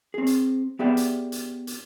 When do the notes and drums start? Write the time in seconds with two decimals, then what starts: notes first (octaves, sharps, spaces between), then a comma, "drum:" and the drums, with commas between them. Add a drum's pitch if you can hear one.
0.14 C4 G#4
0.27 drum: hi-hat
0.79 B3 G4 G#4 D5 E5 G5
0.97 drum: hi-hat
1.32 drum: hi-hat
1.67 drum: hi-hat